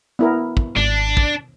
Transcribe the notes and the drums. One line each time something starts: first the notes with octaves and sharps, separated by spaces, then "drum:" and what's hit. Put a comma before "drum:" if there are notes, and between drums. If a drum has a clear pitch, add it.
B3 E4 A#4
drum: kick
G#1 D4
drum: kick